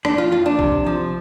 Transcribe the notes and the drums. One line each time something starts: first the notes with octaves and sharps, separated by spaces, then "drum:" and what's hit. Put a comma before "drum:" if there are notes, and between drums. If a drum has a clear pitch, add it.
F2 D4, drum: rim click
F4
F2 F4
D4
C3, drum: kick A#1
F3